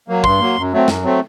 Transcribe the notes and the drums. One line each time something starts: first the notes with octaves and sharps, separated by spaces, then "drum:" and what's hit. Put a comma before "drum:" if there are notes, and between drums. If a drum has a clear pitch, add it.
F#3 A#3
G2 C6, drum: kick
F#3 A#3
F#2
F#3 A3 C4
F#2, drum: snare
F#3 A3 C4